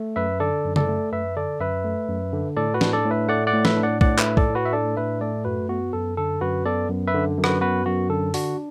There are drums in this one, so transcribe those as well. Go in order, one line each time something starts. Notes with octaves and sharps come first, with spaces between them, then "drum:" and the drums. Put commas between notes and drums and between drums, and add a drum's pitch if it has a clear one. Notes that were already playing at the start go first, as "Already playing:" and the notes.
Already playing: A3
F#2 B4 E5
D3 A4 D5
F#2
A4 D5, drum: tom C#3
A3
F#2 B4 E5
D3 A4 D5
F#2 B4 E5
A3
F#2
D3
A2 A4 D5
F#4 B4
D4, drum: snare
A4 D5
A2
B4 E5
A3 D5 F#5
D5 F#5
A2
B4 E5, drum: snare
D4
D5 F#5
A2 D5 F#5, drum: kick
B4 E5, drum: clap
A3
A4 D5, drum: kick
A2
F#4 B4
E5
D4 A4 D5
A2 B4 E5
A3 A4 D5
F#2 F#4 B4
B3 F#4
F#2 A4
D3 A4
F#2 F#4 B4
B3 A4 D5
F#2
B4 E5
D3
F#2
F#4 B4, drum: rim click
B3 F#4 B4
F#2 F#4
D3 A4
D4 F#4, drum: open hi-hat